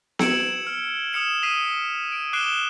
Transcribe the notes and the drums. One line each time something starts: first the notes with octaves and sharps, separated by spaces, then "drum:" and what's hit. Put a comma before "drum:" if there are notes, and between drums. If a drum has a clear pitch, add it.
E6 G#6 C#7 D7 E7 F#7, drum: snare B3
F6
D#6 F6 C#7 E7
D#6 F6 B6 C7 D#7
D7
D6 F#6 C7 D7 E7 G7